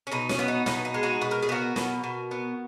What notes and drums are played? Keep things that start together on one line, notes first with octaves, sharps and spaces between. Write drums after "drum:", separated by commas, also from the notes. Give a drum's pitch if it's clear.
C#4
B2 D#4
C#4, drum: snare
B3
D#4
B2 D#4, drum: snare
D#4
G#3
D#4 F#4
B2 B4
A#4
G#4
B3 F#4 A#4
B2, drum: snare
B2
B3